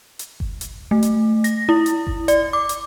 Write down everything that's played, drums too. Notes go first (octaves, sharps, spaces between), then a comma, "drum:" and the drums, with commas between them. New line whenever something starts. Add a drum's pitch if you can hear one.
drum: hi-hat
drum: kick G1
drum: hi-hat
A3
drum: hi-hat
A#6, drum: hi-hat
E4
drum: hi-hat
drum: kick G1
D5, drum: hi-hat
D6
drum: hi-hat